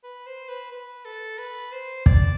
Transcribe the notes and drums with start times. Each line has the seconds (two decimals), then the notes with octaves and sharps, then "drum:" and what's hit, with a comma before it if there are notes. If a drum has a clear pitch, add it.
0.04 B4
0.26 C5
0.48 B4
0.71 B4
1.05 A4
1.38 B4
1.72 C5
2.06 D5, drum: kick